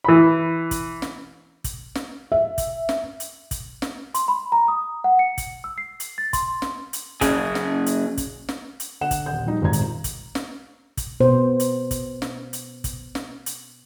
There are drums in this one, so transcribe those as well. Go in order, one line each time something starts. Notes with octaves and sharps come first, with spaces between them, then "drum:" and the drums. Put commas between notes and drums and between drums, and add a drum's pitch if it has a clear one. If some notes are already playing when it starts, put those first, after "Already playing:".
E3 B5
drum: kick, hi-hat
drum: snare
drum: kick, hi-hat
drum: snare
E5
drum: kick, hi-hat
drum: snare
drum: hi-hat
drum: kick, hi-hat
drum: snare
C6, drum: hi-hat
B5
A#5
D#6
F#5
C#7
drum: kick, hi-hat
E6
C7
drum: hi-hat
A6
C6, drum: kick, hi-hat
drum: snare
drum: hi-hat
F#2 C#3 G#4, drum: kick, hi-hat
drum: snare
drum: hi-hat
drum: kick, hi-hat
drum: snare
drum: hi-hat
D3 F#5 E7
drum: kick, hi-hat
D#1 F#5 G6
F3 G3 D#4
D#1 G#1 F4 A#5 G#6
drum: hi-hat
drum: kick, hi-hat
drum: snare
drum: kick, hi-hat
B2 B3 C5
drum: hi-hat
drum: kick, hi-hat
drum: snare
drum: hi-hat
drum: kick, hi-hat
drum: snare
drum: hi-hat